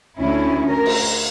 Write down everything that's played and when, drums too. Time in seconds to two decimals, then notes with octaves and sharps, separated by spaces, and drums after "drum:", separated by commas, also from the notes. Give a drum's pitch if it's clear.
0.19 D2 C#4 E4
0.69 A#4
0.86 drum: cymbal